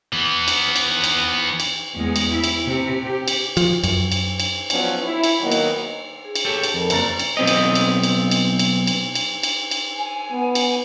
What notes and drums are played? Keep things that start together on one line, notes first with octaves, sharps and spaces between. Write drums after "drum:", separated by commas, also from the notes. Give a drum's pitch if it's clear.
E3 B3
drum: cymbal
drum: cymbal
drum: cymbal
drum: cymbal
E2 G#3
drum: cymbal
E4
drum: cymbal
C3
G4
drum: cymbal
F3, drum: cymbal
F#2, drum: cymbal
drum: cymbal
drum: cymbal
F3 F#3 B3 C#4 D4, drum: cymbal
E4
drum: cymbal
D#3 F#3 A#3 B3 D#4
drum: cymbal
G#4
drum: cymbal
G4 A4 C#5
drum: cymbal
F2 A4 A#4 A5
F#1 D5 A#5 A6, drum: cymbal
drum: cymbal
B1 C4 D#5
drum: cymbal
drum: cymbal
drum: cymbal
drum: cymbal
drum: cymbal
drum: cymbal
drum: cymbal
drum: cymbal
drum: cymbal
G#5
B3
drum: cymbal